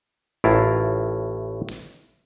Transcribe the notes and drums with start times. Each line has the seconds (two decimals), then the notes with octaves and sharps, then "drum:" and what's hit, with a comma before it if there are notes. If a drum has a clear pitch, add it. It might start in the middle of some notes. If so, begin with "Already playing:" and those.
0.44 A1 A2 E4 F4 A#4
1.69 drum: open hi-hat